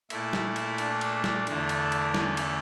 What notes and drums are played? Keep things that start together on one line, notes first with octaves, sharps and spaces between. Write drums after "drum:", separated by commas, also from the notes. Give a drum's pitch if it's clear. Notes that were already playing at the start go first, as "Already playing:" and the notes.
A#2 A3 E4, drum: cymbal
drum: snare
drum: cymbal
D4, drum: cymbal
drum: cymbal
drum: snare
E2 D3 A3 D4, drum: cymbal
drum: cymbal
drum: cymbal
C#4, drum: snare
drum: cymbal